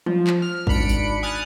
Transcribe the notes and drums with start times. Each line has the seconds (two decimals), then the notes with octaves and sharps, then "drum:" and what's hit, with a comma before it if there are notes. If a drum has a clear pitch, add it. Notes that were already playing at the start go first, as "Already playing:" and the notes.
0.06 F3, drum: tom
0.27 drum: clap
0.42 F6
0.67 G#1 D4 B5 C#7 D7, drum: kick
0.89 drum: tambourine
1.23 G#5 D#6 F6 F#6 A6